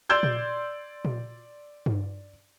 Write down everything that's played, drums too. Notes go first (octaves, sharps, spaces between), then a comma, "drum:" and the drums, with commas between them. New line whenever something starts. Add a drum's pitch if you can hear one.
D5 C6 E6 G6 G#6
drum: tom A#2
drum: tom A#2
drum: tom G2